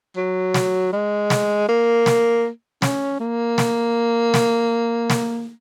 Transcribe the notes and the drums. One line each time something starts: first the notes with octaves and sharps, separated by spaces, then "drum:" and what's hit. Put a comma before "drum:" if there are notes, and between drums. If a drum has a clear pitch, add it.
F#3
drum: snare
G#3
drum: snare
A#3
drum: snare
C#4, drum: snare
A#3
drum: snare
drum: snare
drum: snare